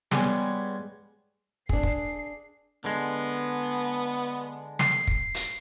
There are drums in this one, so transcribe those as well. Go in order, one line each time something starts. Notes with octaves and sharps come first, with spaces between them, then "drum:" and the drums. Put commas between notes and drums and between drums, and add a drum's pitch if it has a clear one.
G3 G#3 B3 C#4 G#4, drum: snare
D4 G#4 C7, drum: kick
drum: kick
D3 G#3 B3
C7, drum: snare
drum: kick
drum: hi-hat